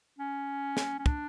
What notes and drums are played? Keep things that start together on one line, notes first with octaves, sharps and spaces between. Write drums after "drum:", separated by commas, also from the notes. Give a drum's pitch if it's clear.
C#4
drum: snare
C#4
D4, drum: kick